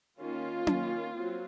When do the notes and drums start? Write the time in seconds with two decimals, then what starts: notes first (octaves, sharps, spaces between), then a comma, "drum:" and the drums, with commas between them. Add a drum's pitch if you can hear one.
0.19 D#3 A#3 C#4 F4
0.67 D#3 A#3 C#4, drum: tom C#4
1.15 F#3 C4